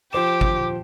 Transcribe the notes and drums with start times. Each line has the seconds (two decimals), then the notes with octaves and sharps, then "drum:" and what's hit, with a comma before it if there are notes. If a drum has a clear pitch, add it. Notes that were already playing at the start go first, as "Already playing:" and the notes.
0.13 F3 G4 C5 D6 E7
0.41 drum: kick G#1